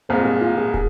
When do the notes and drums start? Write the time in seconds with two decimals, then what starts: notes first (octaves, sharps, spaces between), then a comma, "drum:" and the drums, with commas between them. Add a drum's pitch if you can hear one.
0.09 C2 A#2 G#3 C4
0.25 G#4
0.41 F4
0.58 G#4
0.74 G#4, drum: kick